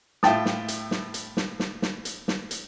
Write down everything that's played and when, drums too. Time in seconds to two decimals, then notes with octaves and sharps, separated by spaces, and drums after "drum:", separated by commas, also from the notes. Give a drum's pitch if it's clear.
0.23 A2 F4 E5 G5 A5 D#6, drum: snare
0.46 drum: snare
0.68 drum: hi-hat
0.91 drum: snare
1.14 drum: hi-hat
1.37 drum: snare
1.60 drum: snare
1.82 drum: snare
2.05 drum: hi-hat
2.28 drum: snare
2.51 drum: hi-hat